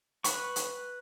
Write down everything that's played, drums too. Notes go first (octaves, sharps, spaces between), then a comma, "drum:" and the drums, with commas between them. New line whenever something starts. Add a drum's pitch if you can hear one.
B4 B5 C#6, drum: hi-hat
drum: hi-hat